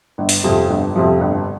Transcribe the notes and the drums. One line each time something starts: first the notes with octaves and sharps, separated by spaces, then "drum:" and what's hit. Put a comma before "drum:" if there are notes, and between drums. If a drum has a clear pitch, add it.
G1
drum: open hi-hat
F2 C3 F3
G1
F2 C3 F3
G1